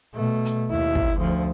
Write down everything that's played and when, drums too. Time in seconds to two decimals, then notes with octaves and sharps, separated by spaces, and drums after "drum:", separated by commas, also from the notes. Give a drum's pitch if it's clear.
0.15 B2 A3
0.45 drum: hi-hat
0.70 D#2 E4
0.95 drum: kick
1.17 D2 F3